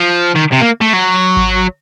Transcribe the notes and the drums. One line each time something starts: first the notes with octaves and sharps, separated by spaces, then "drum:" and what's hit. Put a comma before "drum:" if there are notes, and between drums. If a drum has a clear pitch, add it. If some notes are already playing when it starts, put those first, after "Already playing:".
Already playing: F3
D#3
C3
A#3
A3
F#3
drum: kick G#1